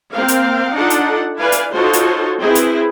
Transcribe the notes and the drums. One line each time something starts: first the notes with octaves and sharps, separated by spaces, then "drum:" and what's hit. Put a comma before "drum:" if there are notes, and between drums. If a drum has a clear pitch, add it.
A#3 C4 F5
drum: hi-hat
D4 D#4 F4 A4 F#5
drum: hi-hat
E4 B4 D5 F5 G#5
drum: hi-hat
D#4 F4 F#4 A4 C5 C#5
drum: hi-hat
C4 E4 G#4 B4
drum: hi-hat